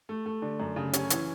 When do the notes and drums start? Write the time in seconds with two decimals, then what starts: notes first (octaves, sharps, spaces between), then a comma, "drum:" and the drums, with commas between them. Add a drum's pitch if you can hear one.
0.09 A3
0.26 A3
0.42 D3
0.60 F#2
0.76 C#3
0.93 C#4, drum: hi-hat
1.10 E3, drum: hi-hat